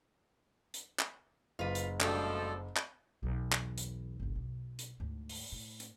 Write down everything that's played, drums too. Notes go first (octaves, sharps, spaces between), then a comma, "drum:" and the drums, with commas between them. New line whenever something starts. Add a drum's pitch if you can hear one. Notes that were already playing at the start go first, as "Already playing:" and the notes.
drum: hi-hat
drum: clap
F#1 F4 B4
drum: hi-hat
G2 B2 F3 A3 D4 G4 A4, drum: clap
drum: clap
B1 E2
drum: clap
drum: hi-hat
G1 C2
B1
drum: hi-hat
D2 G#2
drum: open hi-hat
A2
drum: hi-hat